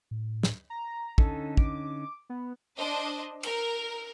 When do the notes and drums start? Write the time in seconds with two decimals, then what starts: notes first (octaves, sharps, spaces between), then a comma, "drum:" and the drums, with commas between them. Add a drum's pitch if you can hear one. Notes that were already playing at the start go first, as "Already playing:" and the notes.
0.11 A2
0.43 drum: snare
0.70 A#5
1.18 D3 C#4 D#4 A4, drum: kick
1.57 D6, drum: kick
2.30 B3
2.76 D4 C5 D#5
3.43 A#4, drum: cymbal